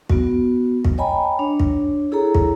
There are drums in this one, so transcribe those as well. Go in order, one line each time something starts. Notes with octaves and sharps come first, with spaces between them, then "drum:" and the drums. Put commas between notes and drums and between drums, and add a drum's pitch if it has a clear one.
B3 F#4, drum: kick
drum: kick
C#5 D#5 G5 G#5 A#5 B5
D4 C#5
drum: kick
E4 G#4 A4 C#5 A#5
drum: kick